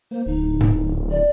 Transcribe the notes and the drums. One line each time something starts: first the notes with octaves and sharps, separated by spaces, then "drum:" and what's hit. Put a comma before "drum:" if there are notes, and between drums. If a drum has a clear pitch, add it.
A#3 C5
D1 D#4
drum: tom G#2
D5